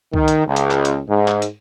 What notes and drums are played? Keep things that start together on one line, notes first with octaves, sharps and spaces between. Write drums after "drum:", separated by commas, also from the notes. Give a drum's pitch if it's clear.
D#3, drum: kick
drum: hi-hat
C#2
drum: hi-hat
drum: clap
drum: hi-hat
G#2
drum: clap
drum: hi-hat